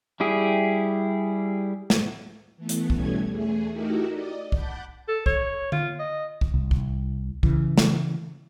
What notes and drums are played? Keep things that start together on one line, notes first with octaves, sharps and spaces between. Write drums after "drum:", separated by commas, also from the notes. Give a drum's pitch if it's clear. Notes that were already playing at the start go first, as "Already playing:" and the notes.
G3 E4 G4 G#4
drum: snare
E3 A3 B3
drum: hi-hat
B2 E3 G3 A3 C#4 G#6, drum: kick
E2 A3 G#4
A3 D#4 E4 F#4 G4 A#4
D5 D#5
F#5 A5 B5 D6 G6, drum: kick
A4
C#5, drum: kick
F4, drum: tom D3
D#5
drum: kick
C2
drum: kick
C#3 E3, drum: kick
drum: snare